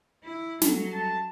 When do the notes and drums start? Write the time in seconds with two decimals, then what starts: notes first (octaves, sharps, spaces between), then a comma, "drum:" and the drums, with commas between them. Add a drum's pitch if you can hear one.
0.24 E4
0.62 F#3 G3 C#4 A4, drum: snare
0.94 A5